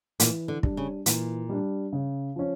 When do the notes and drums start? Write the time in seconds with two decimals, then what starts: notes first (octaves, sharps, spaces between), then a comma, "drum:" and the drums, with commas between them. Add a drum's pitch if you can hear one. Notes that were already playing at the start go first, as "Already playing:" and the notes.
0.20 A#2 E3, drum: hi-hat
0.48 D3
0.63 G3 D4, drum: kick
0.77 C#3
1.06 A#2 E3, drum: hi-hat
1.49 G3 D4
1.93 C#3
2.36 F3 C#4